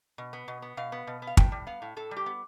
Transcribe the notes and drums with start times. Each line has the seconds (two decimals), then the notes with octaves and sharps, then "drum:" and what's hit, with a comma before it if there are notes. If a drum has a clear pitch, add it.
0.18 B2
0.33 B3
0.48 B2
0.62 B3
0.77 B2 F5
0.92 B3
1.07 B2
1.22 B3
1.27 F5
1.37 A2 G5, drum: kick
1.52 G3
1.67 B3 F5
1.82 A2
1.97 A2 A4
2.11 G3
2.17 G4
2.26 B3